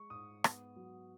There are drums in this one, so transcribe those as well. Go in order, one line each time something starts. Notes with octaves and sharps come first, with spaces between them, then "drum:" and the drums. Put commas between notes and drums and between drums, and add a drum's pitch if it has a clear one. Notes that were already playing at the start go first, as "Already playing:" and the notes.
Already playing: G#3 C#6
G#2 D#6
B3, drum: rim click
F#3